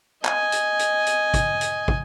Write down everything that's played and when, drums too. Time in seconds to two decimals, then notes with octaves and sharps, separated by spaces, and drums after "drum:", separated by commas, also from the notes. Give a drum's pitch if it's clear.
0.25 D#5 G#5, drum: clap
0.52 drum: hi-hat
0.79 drum: hi-hat
1.06 drum: hi-hat
1.34 drum: kick, hi-hat
1.61 drum: hi-hat
1.88 drum: kick